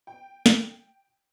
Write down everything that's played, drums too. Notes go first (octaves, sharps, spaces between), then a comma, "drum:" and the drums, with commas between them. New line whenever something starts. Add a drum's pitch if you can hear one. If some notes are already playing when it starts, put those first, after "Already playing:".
G5
drum: snare